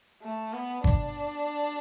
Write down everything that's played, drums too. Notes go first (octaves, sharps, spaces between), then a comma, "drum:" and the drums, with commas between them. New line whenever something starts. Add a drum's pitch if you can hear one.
A3
B3
D4, drum: kick